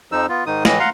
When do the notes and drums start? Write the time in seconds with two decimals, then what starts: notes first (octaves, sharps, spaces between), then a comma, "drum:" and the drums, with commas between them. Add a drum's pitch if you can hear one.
0.12 F2 F3 D#4 E6
0.29 B3 F4
0.46 G#2 D#3 D#4 D#6
0.65 A2 E3 D#5, drum: snare
0.80 F5 F#5 A#5 C6